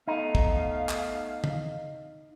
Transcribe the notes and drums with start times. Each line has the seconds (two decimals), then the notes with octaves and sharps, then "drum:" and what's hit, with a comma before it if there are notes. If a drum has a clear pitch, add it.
0.08 A3 B3 D#4 F5
0.35 drum: kick
0.89 drum: clap
1.44 drum: tom